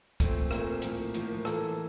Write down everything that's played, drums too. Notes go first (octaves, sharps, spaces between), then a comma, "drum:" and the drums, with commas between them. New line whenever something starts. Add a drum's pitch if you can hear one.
A#2 A3 C4, drum: kick, hi-hat
A#2 A3 C4 A#4, drum: rim click
A2 F3 A#3, drum: hi-hat
A2 F3 A#3, drum: hi-hat
E3 A#3 A4, drum: rim click